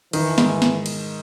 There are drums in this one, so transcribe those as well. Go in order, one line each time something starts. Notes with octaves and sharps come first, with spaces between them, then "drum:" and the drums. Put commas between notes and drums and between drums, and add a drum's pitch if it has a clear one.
D#3 E3, drum: cymbal
G#2, drum: snare
drum: snare
drum: cymbal